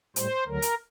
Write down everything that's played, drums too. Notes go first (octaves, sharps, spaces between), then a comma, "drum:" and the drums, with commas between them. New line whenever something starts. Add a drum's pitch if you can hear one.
A2 G3 C5, drum: hi-hat
D2 D3 F#3 A#4
drum: hi-hat